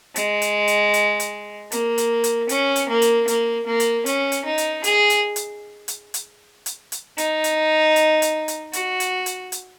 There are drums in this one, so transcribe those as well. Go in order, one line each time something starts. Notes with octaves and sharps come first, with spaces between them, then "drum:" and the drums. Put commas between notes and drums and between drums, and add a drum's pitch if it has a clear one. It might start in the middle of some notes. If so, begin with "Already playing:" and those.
G#3, drum: hi-hat
drum: hi-hat
drum: hi-hat
drum: hi-hat
drum: hi-hat
A#3, drum: hi-hat
drum: hi-hat
drum: hi-hat
C#4, drum: hi-hat
drum: hi-hat
A#3
drum: hi-hat
A#3, drum: hi-hat
A#3
drum: hi-hat
C#4, drum: hi-hat
drum: hi-hat
D#4
drum: hi-hat
G#4, drum: hi-hat
drum: hi-hat
drum: hi-hat
drum: hi-hat
drum: hi-hat
drum: hi-hat
drum: hi-hat
D#4, drum: hi-hat
drum: hi-hat
drum: hi-hat
drum: hi-hat
drum: hi-hat
F#4, drum: hi-hat
drum: hi-hat
drum: hi-hat
drum: hi-hat